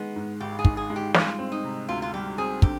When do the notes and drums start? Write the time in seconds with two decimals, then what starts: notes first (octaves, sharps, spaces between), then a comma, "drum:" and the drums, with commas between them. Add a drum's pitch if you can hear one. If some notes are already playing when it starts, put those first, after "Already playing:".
Already playing: D#3 G#3 B3
0.16 G#2
0.40 G#1 G4
0.59 G#4
0.65 D#3, drum: kick
0.77 G#4
0.90 G#3
0.96 G4
1.14 G3 F4, drum: snare
1.39 C4
1.52 D#4
1.64 C3
1.89 D2 F4
2.02 F4
2.14 G3 G4
2.38 C4 G#4
2.62 D3 G4, drum: kick